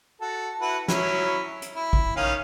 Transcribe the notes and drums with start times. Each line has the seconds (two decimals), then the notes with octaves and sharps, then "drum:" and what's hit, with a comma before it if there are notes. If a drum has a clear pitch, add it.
0.21 F#4 A4
0.61 E4 F#4 B4
0.88 F#3 C#4 E4, drum: snare
1.62 drum: hi-hat
1.74 E4
1.93 drum: kick A1
2.16 D#3 C#4 F5